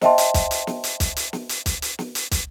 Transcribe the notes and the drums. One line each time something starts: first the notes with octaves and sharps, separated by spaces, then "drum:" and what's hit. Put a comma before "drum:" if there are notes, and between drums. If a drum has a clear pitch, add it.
C5 D#5 E5 G5 A5 C6, drum: snare
drum: hi-hat
drum: kick, hi-hat
drum: hi-hat
drum: snare
drum: hi-hat
drum: kick, hi-hat
drum: hi-hat
drum: snare
drum: hi-hat
drum: kick, hi-hat
drum: hi-hat
drum: snare
drum: hi-hat
drum: kick, hi-hat